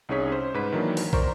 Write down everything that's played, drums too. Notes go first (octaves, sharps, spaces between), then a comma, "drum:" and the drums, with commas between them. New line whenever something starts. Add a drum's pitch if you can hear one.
C2 C#4 D#4 G#4 C#5 B6
C5
G#2 B4 B6
D#3 E3 F#3 A#3 D4
drum: open hi-hat
A#4 C5 D5 C#6, drum: kick